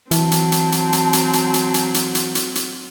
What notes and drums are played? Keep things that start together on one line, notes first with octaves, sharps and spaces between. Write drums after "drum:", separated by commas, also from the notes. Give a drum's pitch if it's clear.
E3 F#3 C4 A5, drum: hi-hat
drum: hi-hat
drum: hi-hat
drum: hi-hat
drum: hi-hat
drum: hi-hat
drum: hi-hat
drum: hi-hat
drum: hi-hat
drum: hi-hat
drum: hi-hat
drum: hi-hat
drum: hi-hat